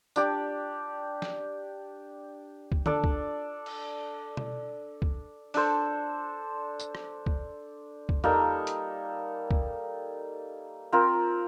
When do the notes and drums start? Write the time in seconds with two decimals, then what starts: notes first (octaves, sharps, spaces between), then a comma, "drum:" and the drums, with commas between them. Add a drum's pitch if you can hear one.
0.16 D4 G4 D5, drum: tambourine
1.22 drum: snare
2.72 drum: kick
2.86 D4 A4 D5, drum: tom D3
3.04 drum: kick
3.66 drum: cymbal
4.37 drum: tom B2
5.02 drum: kick
5.54 D4 A4 C5, drum: open hi-hat
6.80 drum: tambourine
6.95 drum: rim click
7.26 drum: kick
8.09 drum: kick
8.24 G3 A#3 D#4 A4, drum: tom E2
8.67 drum: hi-hat
9.51 drum: kick
10.92 C4 F4 A#4